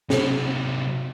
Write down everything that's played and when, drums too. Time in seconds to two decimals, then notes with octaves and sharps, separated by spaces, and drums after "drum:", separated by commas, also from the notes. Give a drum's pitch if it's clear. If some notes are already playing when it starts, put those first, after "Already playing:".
0.10 C3 F#3, drum: snare